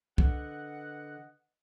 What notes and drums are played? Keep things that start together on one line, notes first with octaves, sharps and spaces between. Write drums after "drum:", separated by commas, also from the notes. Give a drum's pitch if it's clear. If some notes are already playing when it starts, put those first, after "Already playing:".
D3 B4 D#5 F#5, drum: kick